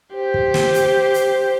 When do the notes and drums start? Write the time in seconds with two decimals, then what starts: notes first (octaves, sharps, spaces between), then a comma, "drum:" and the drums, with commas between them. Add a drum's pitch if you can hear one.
0.14 G4 C5
0.34 drum: kick
0.54 drum: snare
0.74 drum: hi-hat
1.14 drum: hi-hat